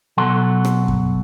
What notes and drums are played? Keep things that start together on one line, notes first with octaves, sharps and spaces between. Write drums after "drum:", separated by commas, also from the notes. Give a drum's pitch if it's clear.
B2 F#3 A4 F#5 C6
drum: rim click
drum: kick F#2